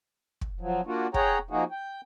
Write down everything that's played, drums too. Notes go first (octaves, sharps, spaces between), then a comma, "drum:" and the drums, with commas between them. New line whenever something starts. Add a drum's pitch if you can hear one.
drum: kick
F3 F#3
A#3 D4 F4 F#4
G#4 C#5 F#5 G5 A#5, drum: kick
F3 A#3 D#4 F#4 G#4
G5